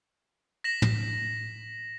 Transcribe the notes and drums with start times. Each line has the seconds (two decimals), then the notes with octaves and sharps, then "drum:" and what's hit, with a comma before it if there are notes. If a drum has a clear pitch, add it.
0.64 A#6 B6 E7 F#7
0.82 drum: tom